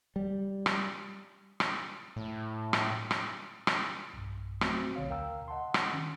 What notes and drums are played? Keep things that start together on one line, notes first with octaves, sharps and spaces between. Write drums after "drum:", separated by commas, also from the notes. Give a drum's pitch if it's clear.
G3
drum: rim click
drum: rim click
A2
drum: rim click
drum: rim click
drum: rim click
B1 G2
F#3 A3 C4 F#4, drum: rim click
B1 D3 C#5 F5
D2 A#4 F5 G5 A#5 E6
D#5 F#5 A5 C6
drum: rim click
D#3 C#4